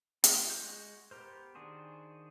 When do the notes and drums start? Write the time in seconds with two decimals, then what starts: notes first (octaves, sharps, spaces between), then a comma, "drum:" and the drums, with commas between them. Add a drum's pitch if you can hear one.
0.24 F4, drum: hi-hat
0.49 G#3 F#4 G6
1.11 B3 G4 A#4 C5
1.55 D#3 D4 F#4 G#4 C5